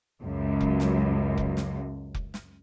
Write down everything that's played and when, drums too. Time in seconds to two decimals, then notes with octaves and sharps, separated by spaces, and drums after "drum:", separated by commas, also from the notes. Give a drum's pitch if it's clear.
0.22 C#2 F#2
0.61 drum: kick F1
0.80 drum: snare
1.38 drum: kick F1
1.57 drum: snare
2.15 drum: kick F1
2.34 drum: snare